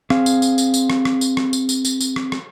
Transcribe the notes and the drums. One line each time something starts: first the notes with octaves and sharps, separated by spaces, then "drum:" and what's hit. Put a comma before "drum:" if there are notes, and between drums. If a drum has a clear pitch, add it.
C4 G#4 F5, drum: rim click
drum: tambourine
drum: tambourine
drum: tambourine
drum: tambourine
drum: rim click
drum: rim click
drum: tambourine
drum: rim click
drum: tambourine
drum: tambourine
drum: tambourine
drum: tambourine
drum: rim click
drum: rim click